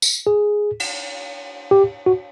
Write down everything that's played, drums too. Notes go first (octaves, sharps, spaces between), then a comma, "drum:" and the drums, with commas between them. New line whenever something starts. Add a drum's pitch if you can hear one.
drum: tambourine
G#4
drum: cymbal
G4
F#4